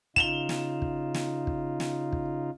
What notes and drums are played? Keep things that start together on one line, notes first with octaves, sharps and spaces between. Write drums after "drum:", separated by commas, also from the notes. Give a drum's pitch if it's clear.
C#3 D#4 F4 E7 F7 G7, drum: kick
drum: snare
drum: kick
drum: snare
drum: kick
drum: snare
drum: kick